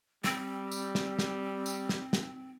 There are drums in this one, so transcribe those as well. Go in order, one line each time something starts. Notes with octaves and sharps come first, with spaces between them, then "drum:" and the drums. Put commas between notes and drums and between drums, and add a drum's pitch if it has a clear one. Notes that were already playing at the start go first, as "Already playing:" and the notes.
G3 C4, drum: snare
drum: tambourine
drum: snare
drum: snare
drum: tambourine
drum: snare
drum: snare